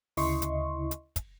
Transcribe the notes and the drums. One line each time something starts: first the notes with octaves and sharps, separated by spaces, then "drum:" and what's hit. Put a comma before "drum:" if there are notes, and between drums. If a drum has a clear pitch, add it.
D2 C#3 E4 D#5 C6 C#6, drum: open hi-hat
drum: hi-hat
drum: hi-hat
drum: kick, hi-hat